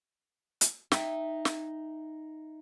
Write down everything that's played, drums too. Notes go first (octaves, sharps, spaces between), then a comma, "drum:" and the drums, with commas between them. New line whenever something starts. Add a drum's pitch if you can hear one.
drum: hi-hat
D#4 E5 G5, drum: snare
drum: snare